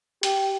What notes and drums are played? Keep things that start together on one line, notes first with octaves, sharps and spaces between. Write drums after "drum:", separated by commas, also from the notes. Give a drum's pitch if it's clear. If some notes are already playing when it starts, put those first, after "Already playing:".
G4, drum: hi-hat